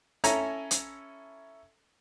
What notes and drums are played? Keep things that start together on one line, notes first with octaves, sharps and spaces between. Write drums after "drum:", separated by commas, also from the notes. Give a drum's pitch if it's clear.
C#4 E4 A4 E5 G#5 A#5, drum: hi-hat
drum: hi-hat